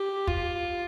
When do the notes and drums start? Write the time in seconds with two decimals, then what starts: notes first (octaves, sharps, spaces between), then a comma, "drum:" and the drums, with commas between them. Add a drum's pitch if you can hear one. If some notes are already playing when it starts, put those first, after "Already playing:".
Already playing: G4
0.27 F4, drum: kick